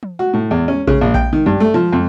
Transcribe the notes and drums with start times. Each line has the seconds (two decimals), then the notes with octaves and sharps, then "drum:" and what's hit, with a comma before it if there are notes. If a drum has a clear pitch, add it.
0.03 drum: tom
0.19 F#4
0.34 A2
0.51 E2
0.68 C#4
0.87 C#3, drum: kick A#1
1.01 A#1
1.14 G5, drum: kick A#1
1.33 D#3
1.46 G2
1.60 A3
1.74 F3
1.93 F2